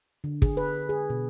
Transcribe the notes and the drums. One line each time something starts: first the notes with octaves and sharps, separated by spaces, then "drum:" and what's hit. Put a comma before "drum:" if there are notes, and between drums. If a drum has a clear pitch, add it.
D3
G#4, drum: kick
B4
G#4
B2